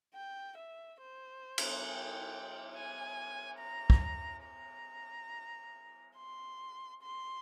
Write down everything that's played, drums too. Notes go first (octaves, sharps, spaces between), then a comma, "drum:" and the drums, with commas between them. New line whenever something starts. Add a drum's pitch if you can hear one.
G5
E5
C5
drum: cymbal
G5
G#5
A#5
drum: kick
A#5
C6
C6